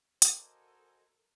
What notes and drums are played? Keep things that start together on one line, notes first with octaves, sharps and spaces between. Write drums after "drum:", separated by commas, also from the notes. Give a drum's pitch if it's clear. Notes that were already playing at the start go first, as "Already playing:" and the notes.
F#4 A4 A#4 C5 D5 D#5 F5 G#5, drum: hi-hat